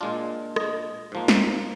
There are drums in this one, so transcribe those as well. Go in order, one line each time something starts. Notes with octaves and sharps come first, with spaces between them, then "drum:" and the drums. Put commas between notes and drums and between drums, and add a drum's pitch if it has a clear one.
A#2 G#3 D4 F4
D#5, drum: rim click
G#2 F3 A#3
drum: snare